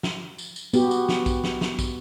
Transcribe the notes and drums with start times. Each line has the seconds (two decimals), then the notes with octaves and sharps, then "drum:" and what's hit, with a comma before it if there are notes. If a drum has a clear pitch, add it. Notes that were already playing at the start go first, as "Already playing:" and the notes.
0.03 drum: snare
0.38 drum: tambourine
0.56 drum: tambourine
0.73 B3 F#4 G4, drum: tambourine
0.91 drum: tambourine
1.09 drum: snare
1.26 drum: kick, tambourine
1.44 drum: snare
1.61 drum: snare
1.79 drum: kick, tambourine